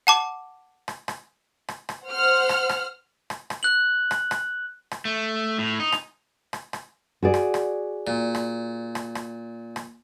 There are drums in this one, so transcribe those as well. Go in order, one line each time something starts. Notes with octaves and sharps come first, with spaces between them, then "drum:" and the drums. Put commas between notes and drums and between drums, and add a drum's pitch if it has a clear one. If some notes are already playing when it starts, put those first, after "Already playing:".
F#5 A5 D6
drum: rim click
drum: rim click
drum: rim click
drum: rim click
C5 F#5 F6
drum: rim click
drum: rim click
drum: rim click
drum: rim click
F#6 F#7
drum: rim click
drum: rim click
drum: rim click
A3
A2
D#4
drum: rim click
drum: rim click
drum: rim click
F#4 G#4 D5
drum: rim click
drum: rim click
A#2
drum: rim click
drum: rim click
drum: rim click
drum: rim click